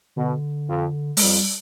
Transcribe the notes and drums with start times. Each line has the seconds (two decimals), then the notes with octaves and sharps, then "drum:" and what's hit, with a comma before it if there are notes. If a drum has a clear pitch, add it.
0.16 B2 D3
0.69 F2
1.17 G#3, drum: open hi-hat
1.22 F2 G3